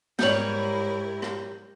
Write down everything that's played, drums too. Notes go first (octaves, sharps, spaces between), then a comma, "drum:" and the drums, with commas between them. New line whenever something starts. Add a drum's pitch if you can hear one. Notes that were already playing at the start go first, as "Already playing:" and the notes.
G#2 G3 E4 A#4 C#5 G6 F#7, drum: snare
drum: rim click